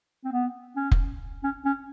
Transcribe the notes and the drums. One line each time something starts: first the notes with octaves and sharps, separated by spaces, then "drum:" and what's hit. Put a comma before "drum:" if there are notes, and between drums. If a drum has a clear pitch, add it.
C4
B3
C#4
drum: kick F1
C#4
C#4